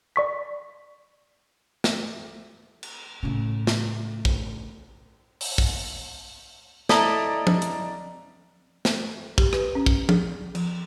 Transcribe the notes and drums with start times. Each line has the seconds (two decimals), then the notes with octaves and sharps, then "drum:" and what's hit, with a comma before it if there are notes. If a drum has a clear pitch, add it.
0.16 D5 C#6 B6
1.84 drum: snare
2.83 drum: cymbal
3.23 A2 C#3
3.67 drum: snare
4.25 drum: kick
5.41 drum: open hi-hat
5.58 drum: kick
6.89 E4 A4 D5 D#5 A#5, drum: snare
7.47 drum: tom F3
7.62 drum: hi-hat
8.85 drum: snare
9.38 G4, drum: kick
9.53 B4, drum: rim click
9.75 C#4
9.86 drum: kick
10.09 G#4, drum: tom F3
10.55 F3, drum: cymbal